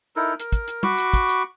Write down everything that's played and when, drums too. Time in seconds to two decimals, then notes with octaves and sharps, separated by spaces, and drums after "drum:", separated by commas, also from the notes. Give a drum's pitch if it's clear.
0.16 D#4 E4 A4 A#4
0.40 A#4, drum: hi-hat
0.52 drum: kick, hi-hat
0.68 drum: hi-hat
0.83 F#4 B5 C#6 D6, drum: tom
0.98 drum: hi-hat
1.14 drum: kick, hi-hat
1.29 drum: hi-hat